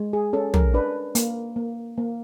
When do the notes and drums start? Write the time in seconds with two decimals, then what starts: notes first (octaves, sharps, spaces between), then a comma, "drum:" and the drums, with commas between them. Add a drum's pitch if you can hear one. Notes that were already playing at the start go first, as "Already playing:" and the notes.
Already playing: G#3
0.13 G#4
0.33 C#4 A4
0.54 A#4, drum: tom
0.74 D4 B4
1.15 A#3, drum: hi-hat
1.56 A#3
1.97 A#3